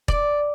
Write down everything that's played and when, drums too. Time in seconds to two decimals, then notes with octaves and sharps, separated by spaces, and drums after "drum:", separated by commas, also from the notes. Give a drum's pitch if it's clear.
0.08 D5, drum: kick E1